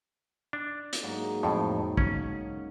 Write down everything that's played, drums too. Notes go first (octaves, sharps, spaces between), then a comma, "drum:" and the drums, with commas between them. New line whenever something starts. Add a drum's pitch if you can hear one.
D4
drum: hi-hat
G#2 F#3 A#3
F2 A2
C#4, drum: kick